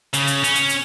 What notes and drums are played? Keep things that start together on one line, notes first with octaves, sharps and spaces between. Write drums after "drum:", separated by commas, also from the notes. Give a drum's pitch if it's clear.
C#3, drum: hi-hat
drum: hi-hat
C#4, drum: hi-hat
drum: hi-hat
drum: hi-hat